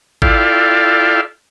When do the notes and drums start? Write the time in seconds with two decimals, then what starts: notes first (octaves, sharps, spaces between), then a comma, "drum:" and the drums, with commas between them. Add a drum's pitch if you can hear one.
0.22 E4 F4 A4 D5 F5 G5, drum: kick G#1